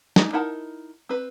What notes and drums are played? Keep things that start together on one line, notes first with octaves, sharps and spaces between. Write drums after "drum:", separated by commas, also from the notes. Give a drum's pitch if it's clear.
G#3 D4 D#4, drum: snare
D#4 E4 A#4 F#5 A5
C4 B4